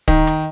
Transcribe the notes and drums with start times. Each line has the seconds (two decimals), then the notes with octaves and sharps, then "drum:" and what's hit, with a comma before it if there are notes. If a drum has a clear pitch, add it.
0.08 D#3, drum: kick
0.27 drum: hi-hat